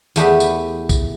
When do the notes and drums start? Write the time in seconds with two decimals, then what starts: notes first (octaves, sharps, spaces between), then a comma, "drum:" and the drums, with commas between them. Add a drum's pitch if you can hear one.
0.16 E2 A3 G4 B4, drum: tambourine
0.40 drum: tambourine
0.89 drum: kick, tambourine